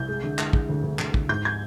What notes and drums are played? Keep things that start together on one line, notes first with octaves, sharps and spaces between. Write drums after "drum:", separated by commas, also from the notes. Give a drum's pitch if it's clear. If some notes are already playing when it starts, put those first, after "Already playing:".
Already playing: C2 G6
G#3
D3
G#3, drum: clap
G#3, drum: kick
D2
D2
D2, drum: clap
D2, drum: kick
G#2 G6
G#6